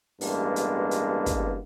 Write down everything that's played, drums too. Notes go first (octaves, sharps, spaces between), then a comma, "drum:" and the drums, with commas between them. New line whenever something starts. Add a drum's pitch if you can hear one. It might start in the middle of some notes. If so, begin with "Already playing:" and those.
A1 G2 G#3 A#3 B3, drum: open hi-hat
drum: hi-hat
drum: hi-hat
drum: kick, hi-hat